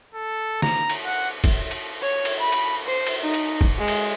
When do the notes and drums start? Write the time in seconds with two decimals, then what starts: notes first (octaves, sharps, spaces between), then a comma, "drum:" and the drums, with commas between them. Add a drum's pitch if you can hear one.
0.14 A4
0.62 A#5, drum: snare
0.89 drum: cymbal
1.05 F#5
1.44 drum: kick, cymbal
1.71 drum: cymbal
2.02 C#5
2.25 drum: cymbal
2.40 B5
2.52 drum: cymbal
2.86 C5
3.07 drum: cymbal
3.23 D#4
3.34 drum: cymbal
3.61 drum: kick
3.79 G#3
3.88 drum: cymbal